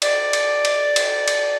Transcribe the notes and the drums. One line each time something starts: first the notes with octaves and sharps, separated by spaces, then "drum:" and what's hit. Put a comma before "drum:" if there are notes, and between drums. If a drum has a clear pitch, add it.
D5, drum: cymbal
drum: cymbal
drum: cymbal
drum: cymbal
drum: cymbal